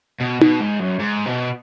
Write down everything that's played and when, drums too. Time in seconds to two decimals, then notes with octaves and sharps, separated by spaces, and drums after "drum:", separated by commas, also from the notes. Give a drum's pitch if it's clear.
0.21 B2
0.41 B2, drum: tom D#4
0.61 G#2
0.80 F#2
0.99 G#2
1.26 B2